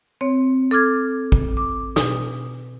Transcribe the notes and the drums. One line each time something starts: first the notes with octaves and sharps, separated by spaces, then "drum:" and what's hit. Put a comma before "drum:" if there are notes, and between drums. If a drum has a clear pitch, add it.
C4 C#5
A4 D6 F6 G#6
drum: kick
D6
B2, drum: snare